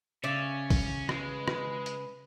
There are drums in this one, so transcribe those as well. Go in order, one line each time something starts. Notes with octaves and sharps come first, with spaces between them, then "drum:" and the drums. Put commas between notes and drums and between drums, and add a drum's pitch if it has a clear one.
C#3 C#4 D5 E5
drum: kick, open hi-hat
G#3 B4, drum: rim click
drum: rim click
drum: hi-hat